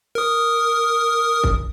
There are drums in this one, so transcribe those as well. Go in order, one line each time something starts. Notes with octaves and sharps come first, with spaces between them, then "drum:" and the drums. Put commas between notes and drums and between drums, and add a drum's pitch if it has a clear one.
A#4 D#6
drum: kick